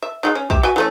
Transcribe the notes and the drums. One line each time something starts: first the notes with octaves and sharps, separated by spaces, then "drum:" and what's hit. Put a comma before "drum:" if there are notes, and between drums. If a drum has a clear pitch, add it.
E5
G#3 A3 D#4
C#4
G4 E5, drum: kick
F#4 E5 G#5
E3 A3 C#4